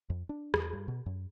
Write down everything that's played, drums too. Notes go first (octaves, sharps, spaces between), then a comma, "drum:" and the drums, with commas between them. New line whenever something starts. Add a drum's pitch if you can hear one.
F2
D4
E2, drum: rim click
G2
B2
F#2